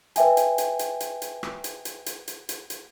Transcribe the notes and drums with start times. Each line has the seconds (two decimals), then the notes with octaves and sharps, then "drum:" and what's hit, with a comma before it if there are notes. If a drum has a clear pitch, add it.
0.16 B4 D#5 E5 G5 G#5, drum: hi-hat
0.37 drum: hi-hat
0.58 drum: hi-hat
0.79 drum: hi-hat
1.00 drum: hi-hat
1.22 drum: hi-hat
1.43 drum: rim click
1.64 drum: hi-hat
1.85 drum: hi-hat
2.06 drum: hi-hat
2.28 drum: hi-hat
2.49 drum: hi-hat
2.70 drum: hi-hat